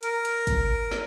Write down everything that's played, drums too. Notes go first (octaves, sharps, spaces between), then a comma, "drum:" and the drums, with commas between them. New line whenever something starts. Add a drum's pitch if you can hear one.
A#4, drum: hi-hat
drum: hi-hat
drum: kick, hi-hat
drum: snare